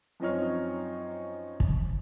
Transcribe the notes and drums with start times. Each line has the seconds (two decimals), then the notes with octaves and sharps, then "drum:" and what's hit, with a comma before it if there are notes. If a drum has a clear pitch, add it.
0.20 F#2 F3 C4 D#4 C#5 F6
1.60 drum: kick